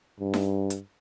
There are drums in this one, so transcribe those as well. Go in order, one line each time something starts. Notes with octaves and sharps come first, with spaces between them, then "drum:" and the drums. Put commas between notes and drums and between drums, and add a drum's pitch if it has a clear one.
G2
drum: snare D#4
drum: hi-hat